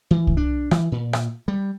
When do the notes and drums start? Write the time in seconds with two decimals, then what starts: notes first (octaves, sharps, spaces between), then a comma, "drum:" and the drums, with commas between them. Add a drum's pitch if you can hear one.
0.11 E3
0.27 drum: kick C2
0.37 D4
0.71 E3, drum: rim click
0.92 A#2
1.13 drum: rim click
1.48 G3